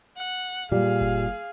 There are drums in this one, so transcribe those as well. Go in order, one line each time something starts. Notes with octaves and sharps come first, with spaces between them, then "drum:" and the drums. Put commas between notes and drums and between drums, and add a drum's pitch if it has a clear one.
F#5
A#2 G3 G#4 F5
drum: kick F#1